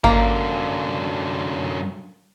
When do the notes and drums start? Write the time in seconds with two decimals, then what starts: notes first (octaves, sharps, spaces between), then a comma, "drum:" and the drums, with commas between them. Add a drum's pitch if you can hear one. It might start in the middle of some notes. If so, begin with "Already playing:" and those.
0.04 F#2 D3 A#3, drum: kick G#1